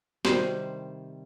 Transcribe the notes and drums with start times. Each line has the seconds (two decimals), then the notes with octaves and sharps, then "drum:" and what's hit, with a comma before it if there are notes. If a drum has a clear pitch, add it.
0.25 C3 D#3 G3 C5, drum: snare